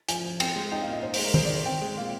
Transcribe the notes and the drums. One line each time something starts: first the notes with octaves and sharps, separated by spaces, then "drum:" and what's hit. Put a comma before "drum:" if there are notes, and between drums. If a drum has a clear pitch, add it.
F3 G#5, drum: hi-hat
F3
C4 G5, drum: cymbal
G#3
D#4 G5
F5
A#2
D#5
D#4 C5
C5, drum: open hi-hat
G#3
A#4
G#4 C5, drum: tom
D5
D#3
C5
C4 G5
G#3
A#2 F5